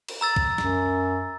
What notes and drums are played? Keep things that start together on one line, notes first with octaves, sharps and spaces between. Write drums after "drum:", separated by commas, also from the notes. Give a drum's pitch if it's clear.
drum: cymbal
A#5 E6 A6
drum: kick
F#2, drum: snare